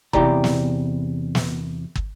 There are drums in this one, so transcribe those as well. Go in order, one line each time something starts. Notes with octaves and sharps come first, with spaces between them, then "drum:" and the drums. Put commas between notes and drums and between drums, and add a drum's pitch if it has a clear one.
E2 C3 E4 G4 D5 A#5, drum: kick
drum: snare
drum: snare
drum: kick